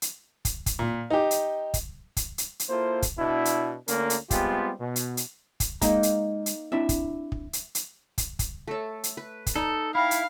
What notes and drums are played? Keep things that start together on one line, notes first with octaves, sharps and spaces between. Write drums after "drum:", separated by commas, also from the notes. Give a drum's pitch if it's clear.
drum: hi-hat
drum: kick, hi-hat
drum: kick, hi-hat
A#2
D#4 G4
drum: hi-hat
drum: kick, hi-hat
drum: kick, hi-hat
drum: hi-hat
drum: hi-hat
A#3 E4 F4 A4 C5
drum: kick, hi-hat
B2 D4 E4
drum: hi-hat
D2 D3 A#3 C#4 A#4, drum: hi-hat
drum: hi-hat
G3 G#3 B3 C4 F4 G4, drum: kick, hi-hat
B2
drum: hi-hat
drum: hi-hat
drum: kick, hi-hat
G#3 A#3 D#4 A#5, drum: kick, hi-hat
drum: hi-hat
drum: hi-hat
C4 D4 E4 E5
drum: kick, hi-hat
drum: kick
drum: hi-hat
drum: hi-hat
drum: kick, hi-hat
drum: kick, hi-hat
A3 A4 C#5 E5
drum: hi-hat
B4
drum: kick, hi-hat
D#4 A4 D5 D#5 A#5
E4 E5 F5 G5 B5
drum: hi-hat